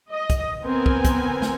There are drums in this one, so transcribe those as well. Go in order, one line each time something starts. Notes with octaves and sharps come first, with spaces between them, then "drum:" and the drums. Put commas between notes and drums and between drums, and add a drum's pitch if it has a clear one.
D#5
drum: kick, hi-hat
B3 C4 A#4 G#5
drum: kick
drum: kick, hi-hat
drum: snare